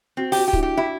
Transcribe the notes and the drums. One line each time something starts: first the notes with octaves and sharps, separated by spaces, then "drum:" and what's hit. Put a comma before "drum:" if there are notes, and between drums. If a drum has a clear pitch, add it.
C4 F#4
G4, drum: open hi-hat
F#4
G4
E4, drum: kick
D4
G4
E4 F#4